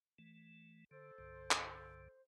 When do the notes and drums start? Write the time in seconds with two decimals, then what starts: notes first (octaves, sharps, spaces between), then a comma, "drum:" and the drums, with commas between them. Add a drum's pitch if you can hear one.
0.19 E3 A3
0.91 D3 A4 C5
1.18 C2 G2 D3
1.51 drum: clap